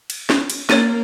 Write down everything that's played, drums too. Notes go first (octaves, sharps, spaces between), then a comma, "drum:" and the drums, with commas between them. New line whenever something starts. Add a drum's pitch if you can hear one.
drum: cymbal
drum: snare
drum: cymbal
A#3 C#5 A6 D#7, drum: snare